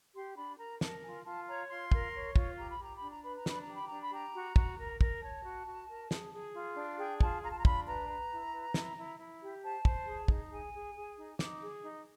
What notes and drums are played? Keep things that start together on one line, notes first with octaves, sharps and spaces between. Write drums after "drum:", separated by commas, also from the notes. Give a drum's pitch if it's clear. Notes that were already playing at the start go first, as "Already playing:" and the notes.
G4 C6
D4 B5
A#4 A#5
A#4 A5, drum: snare
F4 G#5
F4 A5
C#5 A#5
F4 C6
A#4, drum: kick
C#5
F4, drum: kick
G4 A#5
B5
G4 A#5
D4 B5
A#5
B4 B5
A#5
D4 B5, drum: snare
A#5
G4
B5
D4 A#5
B5
G4 A#5
F#4
F#4, drum: kick
A#4
A#4, drum: kick
C#5 A5
F#4
F#4
A#4
G#4, drum: snare
G#4
F4
D4
G#4 G5
F4 A5, drum: kick
F4 A#5
A5
A#5
D4 B5, drum: kick
B4 A#5
B4
E4
B4
E4, drum: snare
E4
E4
G4
C5 A5
C5, drum: kick
G#4
D#4, drum: kick
G#4 G#5
G#4
G#4
D#4
D#4 D6, drum: snare
G#4
D#4